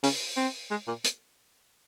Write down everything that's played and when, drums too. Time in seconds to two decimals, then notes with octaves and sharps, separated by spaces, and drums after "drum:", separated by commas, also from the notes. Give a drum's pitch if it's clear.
0.03 C#3, drum: open hi-hat
0.37 C4
0.71 G#3
0.88 A#2
1.04 drum: hi-hat